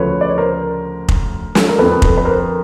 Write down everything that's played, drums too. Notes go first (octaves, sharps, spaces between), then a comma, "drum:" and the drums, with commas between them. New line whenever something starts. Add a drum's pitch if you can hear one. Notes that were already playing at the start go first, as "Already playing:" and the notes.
Already playing: D2 C#3 F3 B4 C#5
D5
C#5
A#4 C5
drum: kick F1
drum: snare
A#4
F2 D3 F3 A4 B4
drum: kick F1
B4
A#4 C5